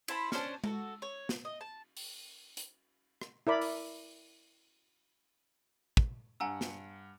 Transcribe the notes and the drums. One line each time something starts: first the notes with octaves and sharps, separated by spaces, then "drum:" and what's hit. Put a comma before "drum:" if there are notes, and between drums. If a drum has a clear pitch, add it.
E4 C5 A5 B5, drum: cymbal
C#4 D4 C5 A5, drum: snare
F#4 A4 A#4, drum: tom G#3
C#5
drum: snare
D#5
A5
drum: open hi-hat
drum: hi-hat
drum: rim click
E4 A#4 D5 B5
drum: open hi-hat
drum: kick
G2 F#5 G#5 A#5 E6
drum: snare